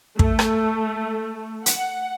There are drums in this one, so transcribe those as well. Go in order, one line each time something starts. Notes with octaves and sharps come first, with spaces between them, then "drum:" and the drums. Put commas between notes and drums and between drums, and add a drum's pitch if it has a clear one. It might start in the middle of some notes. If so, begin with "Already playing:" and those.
A3, drum: kick
drum: rim click
F#5, drum: hi-hat